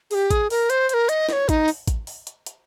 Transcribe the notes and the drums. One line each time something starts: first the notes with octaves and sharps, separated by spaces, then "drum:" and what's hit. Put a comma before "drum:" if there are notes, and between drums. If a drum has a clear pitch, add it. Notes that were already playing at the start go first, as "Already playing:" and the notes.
G#4, drum: open hi-hat
G4
G#4, drum: kick A1, hi-hat
A#4, drum: open hi-hat
C5, drum: hi-hat
C5, drum: hi-hat
A#4
D#5, drum: hi-hat
D#5, drum: snare
C#5
D#4, drum: kick A1, hi-hat
drum: open hi-hat
drum: kick A1, hi-hat
drum: open hi-hat
drum: hi-hat
drum: hi-hat